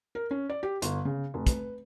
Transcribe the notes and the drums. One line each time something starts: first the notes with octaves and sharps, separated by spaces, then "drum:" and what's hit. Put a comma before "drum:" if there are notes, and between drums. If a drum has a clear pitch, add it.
A#4
C#4
D5
G4
G1, drum: hi-hat
C#3
F1
B4, drum: kick, hi-hat